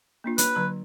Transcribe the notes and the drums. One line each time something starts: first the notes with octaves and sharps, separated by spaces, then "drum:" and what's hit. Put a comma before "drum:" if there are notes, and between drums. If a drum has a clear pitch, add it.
A#3 D4 F4
B4 C#5, drum: hi-hat
D3 F#3 A#5